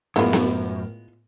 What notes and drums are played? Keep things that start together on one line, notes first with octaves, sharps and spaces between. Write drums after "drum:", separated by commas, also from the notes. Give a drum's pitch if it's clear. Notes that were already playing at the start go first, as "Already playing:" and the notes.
F#2 A2 G#3 B3 E4 F4 A#4
drum: snare B3